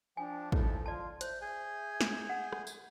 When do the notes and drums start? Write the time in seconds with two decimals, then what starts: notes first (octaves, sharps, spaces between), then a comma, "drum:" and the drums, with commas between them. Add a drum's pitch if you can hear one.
0.17 F3 D4 G5 G#5
0.52 D#4 E4 A4, drum: kick
0.86 F4 D5 A5 C6
1.21 C5 E5 G6, drum: hi-hat
1.42 G#4 E5 G#5 G6 G#6
2.01 drum: snare
2.30 F#5
2.53 drum: rim click
2.67 drum: tambourine